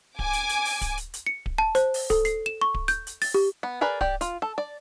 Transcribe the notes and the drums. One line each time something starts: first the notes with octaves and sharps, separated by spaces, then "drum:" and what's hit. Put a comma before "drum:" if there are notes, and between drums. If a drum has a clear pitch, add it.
G#5 D6, drum: kick D1
drum: hi-hat
drum: hi-hat
drum: open hi-hat
drum: kick D1, hi-hat
drum: hi-hat
drum: hi-hat
C#7
drum: kick D1
A5
C5, drum: hi-hat
drum: open hi-hat
A4, drum: kick D1, hi-hat
C7, drum: hi-hat
E7
C#6
drum: kick D1
G6, drum: hi-hat
drum: hi-hat
A6, drum: open hi-hat
G4
B3
G#4 A#4 B4 D5
G4 D5, drum: kick D1
F4, drum: hi-hat
A4
D5